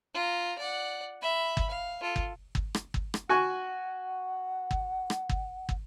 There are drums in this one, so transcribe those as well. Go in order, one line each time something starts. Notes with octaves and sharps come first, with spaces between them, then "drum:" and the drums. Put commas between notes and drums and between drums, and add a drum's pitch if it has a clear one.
F4 A#5
D5 F#5
E5 B5
drum: kick
F5
F4 A4
drum: kick
drum: kick
drum: rim click
drum: kick
drum: rim click
F#4 F#5 G#5 C#6
drum: kick
drum: rim click
drum: kick
drum: kick